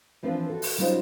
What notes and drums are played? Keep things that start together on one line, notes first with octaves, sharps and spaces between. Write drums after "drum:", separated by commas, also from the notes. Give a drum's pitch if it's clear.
E3 F3 C4 D4 F4 B4
F#4 A4
drum: open hi-hat
F#3 G3 C#4 D#4 F4 C5